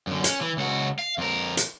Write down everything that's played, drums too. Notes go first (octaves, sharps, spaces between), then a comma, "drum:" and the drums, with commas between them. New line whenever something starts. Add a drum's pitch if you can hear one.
F#2 D3
C#4, drum: hi-hat
E3
C#2 F#4
F5
F2 A#4
drum: hi-hat